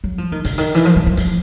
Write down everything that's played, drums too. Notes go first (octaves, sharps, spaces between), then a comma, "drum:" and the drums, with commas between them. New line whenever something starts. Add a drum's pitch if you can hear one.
F#3
F3
D#3
D3, drum: hi-hat
D#3, drum: hi-hat
E3, drum: hi-hat
F3
F#3
F3
F3, drum: hi-hat